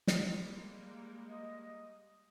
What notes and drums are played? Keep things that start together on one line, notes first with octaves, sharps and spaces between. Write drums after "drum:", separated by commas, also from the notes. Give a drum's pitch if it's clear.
drum: snare
G3 G#3 A#3
D#5